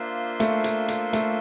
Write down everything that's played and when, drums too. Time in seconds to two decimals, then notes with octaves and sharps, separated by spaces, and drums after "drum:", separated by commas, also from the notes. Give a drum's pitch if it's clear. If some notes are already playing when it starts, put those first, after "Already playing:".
Already playing: A#3 D4 F4 C5 E5
0.40 A3, drum: hi-hat
0.64 drum: hi-hat
0.88 drum: hi-hat
1.13 A3, drum: hi-hat